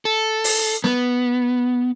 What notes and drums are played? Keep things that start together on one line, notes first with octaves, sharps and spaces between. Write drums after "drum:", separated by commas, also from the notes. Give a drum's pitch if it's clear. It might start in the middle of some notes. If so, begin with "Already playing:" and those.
A4
drum: open hi-hat
B3, drum: snare